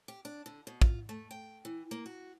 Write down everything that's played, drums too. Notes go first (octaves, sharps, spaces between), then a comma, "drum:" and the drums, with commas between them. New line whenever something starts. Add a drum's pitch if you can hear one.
G4
D4
D3
B2
F4, drum: kick
A3
G5
E3
A#3
F#4